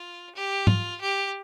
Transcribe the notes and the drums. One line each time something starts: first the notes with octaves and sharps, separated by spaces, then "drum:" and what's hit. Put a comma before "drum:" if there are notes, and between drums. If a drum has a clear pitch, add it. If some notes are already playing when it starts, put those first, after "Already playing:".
Already playing: F4
G4
F4, drum: tom G#2
G4